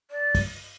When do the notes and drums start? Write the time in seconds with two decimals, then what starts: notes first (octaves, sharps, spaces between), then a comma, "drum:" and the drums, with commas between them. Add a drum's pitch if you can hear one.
0.11 D5
0.35 drum: kick, open hi-hat